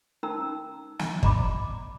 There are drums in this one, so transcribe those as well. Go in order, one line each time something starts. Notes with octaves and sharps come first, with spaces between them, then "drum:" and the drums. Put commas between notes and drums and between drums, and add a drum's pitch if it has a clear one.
C#4 D#4 A#4 A#5 E6
drum: snare
D5 D#5 A#5 B5 D6, drum: kick